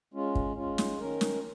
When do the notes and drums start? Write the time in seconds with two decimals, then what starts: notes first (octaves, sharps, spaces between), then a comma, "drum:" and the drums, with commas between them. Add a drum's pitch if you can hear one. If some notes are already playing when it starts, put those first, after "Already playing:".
0.14 G#3 C#4 F4
0.35 drum: kick
0.56 G#3 C#4 F4
0.78 drum: snare
0.99 D#3 C#4 A#4
1.21 drum: snare